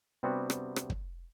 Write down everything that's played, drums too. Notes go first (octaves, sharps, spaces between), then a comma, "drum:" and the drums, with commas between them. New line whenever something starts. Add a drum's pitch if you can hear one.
C3 G3 B3 C4 D4 F#4
drum: rim click
drum: rim click
drum: kick